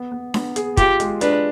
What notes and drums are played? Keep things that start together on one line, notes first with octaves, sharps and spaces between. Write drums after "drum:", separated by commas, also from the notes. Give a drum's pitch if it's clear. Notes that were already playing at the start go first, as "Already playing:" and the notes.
Already playing: B3
B3
B3, drum: snare D4
G#4, drum: hi-hat
F4 G4, drum: kick, hi-hat
G#3, drum: hi-hat
D4 B4, drum: hi-hat